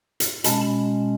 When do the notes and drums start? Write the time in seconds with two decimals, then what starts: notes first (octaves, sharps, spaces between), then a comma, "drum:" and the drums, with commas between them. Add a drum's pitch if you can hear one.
0.20 drum: hi-hat
0.44 B2 G#3 C#4 A5 B5, drum: hi-hat